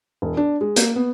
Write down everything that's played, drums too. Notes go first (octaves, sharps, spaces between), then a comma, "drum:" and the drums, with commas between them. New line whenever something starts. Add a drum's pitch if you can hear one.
E1
D4
G#3
A#3, drum: hi-hat
B3